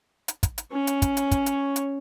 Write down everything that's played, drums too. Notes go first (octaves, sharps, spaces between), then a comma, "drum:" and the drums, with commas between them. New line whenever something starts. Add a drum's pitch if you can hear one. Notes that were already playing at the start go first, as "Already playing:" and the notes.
drum: hi-hat
drum: kick, hi-hat
drum: hi-hat
C#4 C#5
drum: hi-hat
drum: kick, hi-hat
drum: hi-hat
drum: kick, hi-hat
drum: hi-hat
drum: hi-hat